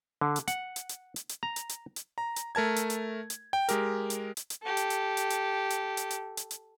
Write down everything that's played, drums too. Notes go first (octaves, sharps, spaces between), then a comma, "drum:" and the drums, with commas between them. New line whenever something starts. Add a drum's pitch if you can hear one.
D3
drum: hi-hat
F#5, drum: hi-hat
drum: hi-hat
drum: hi-hat
drum: hi-hat
drum: hi-hat
A#5
drum: hi-hat
drum: hi-hat
drum: hi-hat
A#5
drum: hi-hat
A3 A#4 A5 G#6
drum: hi-hat
drum: hi-hat
drum: hi-hat
G5
G#3 G4 A#4, drum: hi-hat
drum: hi-hat
drum: hi-hat
drum: hi-hat
G4 A4
drum: hi-hat
drum: hi-hat
drum: hi-hat
drum: hi-hat
drum: hi-hat
drum: hi-hat
drum: hi-hat
drum: hi-hat
drum: hi-hat